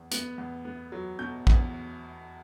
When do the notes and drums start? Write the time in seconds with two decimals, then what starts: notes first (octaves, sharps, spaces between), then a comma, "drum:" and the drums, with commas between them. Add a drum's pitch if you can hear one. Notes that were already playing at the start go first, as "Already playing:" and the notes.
Already playing: E2
0.11 B3, drum: hi-hat
0.38 E2
0.65 B3
0.92 F#3
1.19 B2 G6
1.47 E2, drum: kick